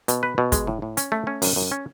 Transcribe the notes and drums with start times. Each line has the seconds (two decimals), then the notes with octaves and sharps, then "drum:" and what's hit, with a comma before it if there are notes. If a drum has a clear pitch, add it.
0.08 B2, drum: hi-hat
0.23 B4
0.38 B2
0.52 G#3, drum: kick, hi-hat
0.67 A2
0.82 A2
0.97 C#4, drum: hi-hat
1.12 A3
1.27 C#4
1.42 F#2, drum: open hi-hat
1.56 F#2
1.71 C#4